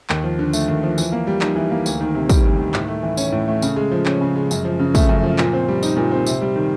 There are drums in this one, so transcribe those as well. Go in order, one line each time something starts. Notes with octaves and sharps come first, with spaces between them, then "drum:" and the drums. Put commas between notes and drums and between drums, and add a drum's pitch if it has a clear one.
D#2, drum: clap
F3
D3
A3, drum: tambourine
D#2
F3
E3, drum: tambourine
A#3
G3
D#4, drum: clap
E3
A#3
D2, drum: tambourine
D#3
C3
G3, drum: kick, tambourine
D2
D#3
A2, drum: clap
A3
E3
C#4, drum: tambourine
A2
A3
C#3, drum: tambourine
G#3
F3
C#4, drum: clap
C#3
G#3
F#2, drum: tambourine
F3
C#3
A3, drum: kick, tambourine
F#2
F3
A#2, drum: clap
C4
G3
D#4, drum: tambourine
A#2
C4
C3, drum: tambourine
G3
D#3